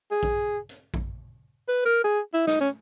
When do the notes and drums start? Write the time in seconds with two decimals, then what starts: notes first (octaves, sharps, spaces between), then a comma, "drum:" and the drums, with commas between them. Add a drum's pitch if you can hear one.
0.11 G#4
0.23 drum: kick A#1
0.69 drum: hi-hat
0.94 drum: kick A#1
1.68 B4
1.86 A#4
2.04 G#4
2.34 E4
2.47 D#4, drum: snare
2.61 C#4